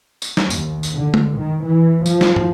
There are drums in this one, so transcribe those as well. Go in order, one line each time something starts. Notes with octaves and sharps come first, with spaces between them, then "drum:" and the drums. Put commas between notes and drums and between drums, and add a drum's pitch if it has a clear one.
drum: tambourine
drum: snare
D#2, drum: tambourine
drum: tambourine
D3
drum: tom G#3
D#3
E3
F3, drum: tambourine
drum: snare
drum: tom